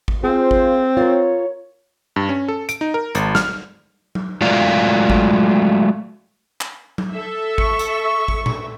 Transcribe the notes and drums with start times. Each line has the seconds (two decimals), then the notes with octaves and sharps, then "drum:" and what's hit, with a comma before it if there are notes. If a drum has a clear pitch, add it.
0.08 drum: kick G#1
0.24 C4 F4 G#4 C5
0.51 drum: kick G#1
0.97 F4 A#4 C#5
2.16 G2
2.29 C#4
2.48 A4
2.69 D7, drum: hi-hat
2.81 D#4
2.94 A#4
3.15 G#1, drum: hi-hat
3.35 F6, drum: snare
4.15 drum: tom F#3
4.41 F#3 G#3 A3 F4 D5 F5
5.10 drum: kick G#1
6.61 drum: clap
6.98 drum: tom F#3
7.10 A4 E5
7.58 C#6, drum: kick G#1
7.79 drum: hi-hat
8.28 drum: kick G#1
8.46 drum: tom A#2